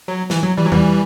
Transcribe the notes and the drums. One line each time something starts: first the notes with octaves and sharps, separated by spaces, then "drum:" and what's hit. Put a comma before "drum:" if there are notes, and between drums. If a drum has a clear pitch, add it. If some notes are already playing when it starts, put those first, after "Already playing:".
F#3
E3, drum: snare
F#3
E3 G3
F#3
E3 G3, drum: tom E2